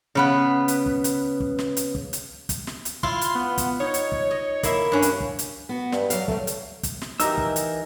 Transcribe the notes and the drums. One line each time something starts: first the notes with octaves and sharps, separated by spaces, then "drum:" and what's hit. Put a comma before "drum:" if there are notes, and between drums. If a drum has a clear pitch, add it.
C#3 B3 B4
drum: hi-hat
drum: kick
drum: hi-hat
drum: kick
drum: snare
drum: hi-hat
drum: kick
drum: hi-hat
drum: kick, hi-hat
drum: snare
drum: hi-hat
E4 F4 C6, drum: kick
drum: hi-hat
B3
drum: kick, hi-hat
D#4 C#5
drum: hi-hat
drum: kick
D#5
A#3 E4 E5, drum: kick, hi-hat
G2 C#4
drum: hi-hat
drum: kick
drum: hi-hat
B3 F#4
G2, drum: snare
F#3 D5 F5, drum: hi-hat
F#3 G3 A3, drum: kick
drum: hi-hat
drum: kick, hi-hat
drum: snare
E3 D#4 G4 A#4 E6, drum: hi-hat
drum: kick
drum: hi-hat